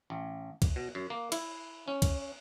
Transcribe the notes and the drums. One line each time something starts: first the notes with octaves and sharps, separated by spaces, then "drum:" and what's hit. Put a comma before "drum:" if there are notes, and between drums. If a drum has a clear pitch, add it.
A1
drum: kick, cymbal
B2
F#2
A#3
E4, drum: cymbal
C#4
drum: kick, cymbal